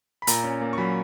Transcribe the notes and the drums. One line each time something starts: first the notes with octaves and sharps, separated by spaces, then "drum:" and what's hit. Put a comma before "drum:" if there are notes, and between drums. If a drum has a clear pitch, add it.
B5
A#2 A#5, drum: hi-hat
C#4
A#3
C#6
F#3 B5